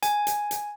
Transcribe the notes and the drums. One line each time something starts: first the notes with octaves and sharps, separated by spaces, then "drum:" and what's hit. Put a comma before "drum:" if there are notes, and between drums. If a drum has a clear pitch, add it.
G#5, drum: hi-hat
drum: hi-hat
drum: hi-hat